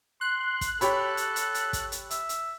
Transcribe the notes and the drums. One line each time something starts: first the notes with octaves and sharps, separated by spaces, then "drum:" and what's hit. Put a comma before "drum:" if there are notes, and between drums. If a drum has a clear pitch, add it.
C6 F#6
drum: kick, hi-hat
G4 A4 C#5 B5, drum: hi-hat
drum: hi-hat
drum: hi-hat
drum: hi-hat
drum: kick, hi-hat
drum: hi-hat
E5, drum: hi-hat
drum: hi-hat